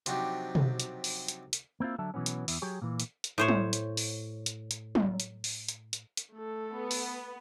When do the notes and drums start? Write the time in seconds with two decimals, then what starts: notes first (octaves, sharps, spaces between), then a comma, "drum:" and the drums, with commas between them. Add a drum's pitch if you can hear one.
0.06 C3 F3 F#3 D4 D#4 G4, drum: hi-hat
0.55 drum: tom B2
0.80 drum: hi-hat
1.04 drum: open hi-hat
1.28 drum: hi-hat
1.53 drum: hi-hat
1.80 A#3 C4 E4 F4
1.98 D3 F#3 E5 A5
2.14 B2 E3 F#3 B3 C#4
2.26 drum: hi-hat
2.48 E2 E4, drum: open hi-hat
2.62 F#3 G4 G#4 C#5
2.82 A#2 E3
3.00 drum: hi-hat
3.24 drum: hi-hat
3.38 A2 C5 C#5
3.48 drum: tom F#3
3.73 drum: hi-hat
3.97 drum: open hi-hat
4.46 drum: hi-hat
4.71 drum: hi-hat
4.95 drum: tom F#3
5.20 drum: hi-hat
5.44 drum: open hi-hat
5.69 drum: hi-hat
5.93 drum: hi-hat
6.17 drum: hi-hat
6.34 A3 A4
6.74 B3
6.91 drum: open hi-hat